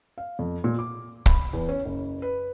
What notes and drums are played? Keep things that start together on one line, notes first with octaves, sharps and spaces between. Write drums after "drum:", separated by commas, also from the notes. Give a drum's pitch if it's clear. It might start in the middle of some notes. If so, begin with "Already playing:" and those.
F5
F2
A#2
D6
B5, drum: kick
E2
C#4
F#1
B4